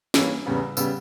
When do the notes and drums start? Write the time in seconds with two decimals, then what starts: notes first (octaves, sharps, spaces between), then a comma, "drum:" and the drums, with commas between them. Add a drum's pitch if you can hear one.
0.14 G2 E3 G3 A#3 C#4 E6, drum: snare
0.46 E2 C#3 G3 B3
0.77 C#3 G3 B3 E6, drum: tambourine